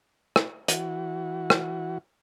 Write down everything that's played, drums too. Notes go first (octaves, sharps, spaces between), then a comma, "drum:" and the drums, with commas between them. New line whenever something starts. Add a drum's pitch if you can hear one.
drum: rim click
E3 F#4, drum: hi-hat
drum: rim click